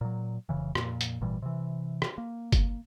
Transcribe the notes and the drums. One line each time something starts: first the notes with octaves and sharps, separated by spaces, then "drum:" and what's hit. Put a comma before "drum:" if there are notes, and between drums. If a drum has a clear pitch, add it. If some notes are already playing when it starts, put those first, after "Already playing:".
A#2 F#3
F1 D2 C#3 E3
F2 A#2, drum: rim click
drum: hi-hat
G#1 A#2 E3 G3
C3 E3
drum: rim click
A#3
drum: kick G1, hi-hat